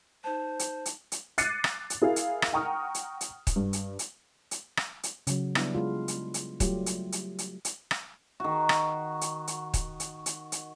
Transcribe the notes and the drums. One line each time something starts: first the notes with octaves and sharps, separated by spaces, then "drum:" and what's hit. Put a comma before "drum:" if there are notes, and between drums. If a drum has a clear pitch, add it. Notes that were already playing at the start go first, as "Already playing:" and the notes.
D#4 C5 A5
drum: hi-hat
drum: hi-hat
drum: hi-hat
D6 F#6 A6 C7 C#7 D#7, drum: hi-hat
drum: rim click
drum: hi-hat
E4 G#4 A#4 F5
drum: hi-hat
drum: rim click
F#5 G5 A#5 C#6 D#6 F6
drum: hi-hat
drum: hi-hat
drum: kick, hi-hat
G2
drum: hi-hat
drum: hi-hat
drum: hi-hat
drum: rim click
drum: hi-hat
C#3 F#3, drum: hi-hat
G3 B3 D4 E4, drum: rim click
G#3 F4
drum: hi-hat
drum: hi-hat
F#3 G3 A3 F4 G4, drum: kick, hi-hat
drum: hi-hat
drum: hi-hat
drum: hi-hat
drum: hi-hat
drum: rim click
D#3 F#4
drum: rim click
drum: hi-hat
drum: hi-hat
drum: kick, hi-hat
drum: hi-hat
drum: hi-hat
drum: hi-hat